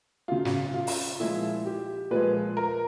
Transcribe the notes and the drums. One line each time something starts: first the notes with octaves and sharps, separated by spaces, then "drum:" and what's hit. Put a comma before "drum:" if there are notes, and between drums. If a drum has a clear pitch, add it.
C#3 F#3 F4
drum: snare
F4
drum: open hi-hat
A#2 F3 G#3 E4
G4
A#2 F3 G#3 B4
A#4